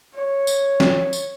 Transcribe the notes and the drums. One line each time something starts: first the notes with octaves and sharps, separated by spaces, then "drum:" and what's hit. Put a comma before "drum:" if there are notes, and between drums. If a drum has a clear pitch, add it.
C#5
drum: tambourine
drum: snare
drum: tambourine